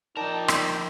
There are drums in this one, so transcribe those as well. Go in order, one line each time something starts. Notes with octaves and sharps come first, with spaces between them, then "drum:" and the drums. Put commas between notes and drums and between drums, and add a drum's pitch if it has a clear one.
F3 D#4 A#4 D5 G5 A5
E6, drum: rim click